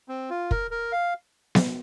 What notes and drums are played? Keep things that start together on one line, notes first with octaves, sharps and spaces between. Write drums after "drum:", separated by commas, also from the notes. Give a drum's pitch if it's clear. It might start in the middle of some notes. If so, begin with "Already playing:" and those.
C4
F4
A#4, drum: kick
A#4
F5
drum: snare B3